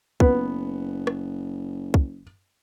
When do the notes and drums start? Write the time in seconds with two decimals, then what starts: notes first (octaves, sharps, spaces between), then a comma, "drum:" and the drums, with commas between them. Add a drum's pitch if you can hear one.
0.20 F#1 B3, drum: kick
1.07 drum: rim click
1.94 drum: kick